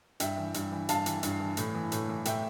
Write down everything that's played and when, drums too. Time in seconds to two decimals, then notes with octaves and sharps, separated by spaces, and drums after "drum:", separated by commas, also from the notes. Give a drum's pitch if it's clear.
0.20 G2 E5 G5, drum: hi-hat
0.37 E3
0.54 G2, drum: hi-hat
0.72 E3
0.89 G2 F5 A5, drum: hi-hat
1.06 E3, drum: hi-hat
1.23 G2, drum: hi-hat
1.40 E3
1.57 A2, drum: hi-hat
1.75 E3
1.92 A2, drum: hi-hat
2.09 E3
2.25 A2 E5 G5, drum: hi-hat